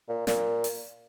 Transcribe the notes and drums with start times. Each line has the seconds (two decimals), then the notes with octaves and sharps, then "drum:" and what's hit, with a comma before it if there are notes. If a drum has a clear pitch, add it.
0.09 A#2
0.27 A#2, drum: snare
0.64 drum: open hi-hat